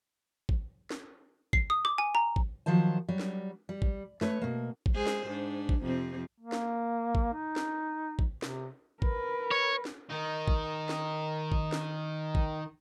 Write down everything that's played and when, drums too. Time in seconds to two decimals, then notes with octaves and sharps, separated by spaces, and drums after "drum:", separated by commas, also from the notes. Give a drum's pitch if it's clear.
0.49 drum: kick
0.91 drum: snare
1.53 C7, drum: kick
1.70 D#6
1.85 D6
1.98 G#5
2.15 A#5
2.36 drum: kick
2.66 D#3 F3 F#3 C5 A5
3.08 F#3 G3
3.19 drum: snare
3.69 G3
3.82 drum: kick
4.21 A3 B4 C#5, drum: snare
4.41 B2 A#3
4.86 drum: kick
4.95 G#3 G#4 C5
5.07 drum: snare
5.27 G#2 D4
5.69 drum: kick
5.83 F2 C3 C4
6.40 A#3
6.52 drum: snare
7.15 drum: kick
7.33 D#4
7.56 drum: snare
8.19 drum: kick
8.42 C3, drum: snare
9.02 A#4 B4, drum: kick
9.51 C#5
9.85 drum: snare
10.09 D#3 D#4
10.48 drum: kick
10.89 drum: snare
11.52 drum: kick
11.72 drum: snare
12.35 drum: kick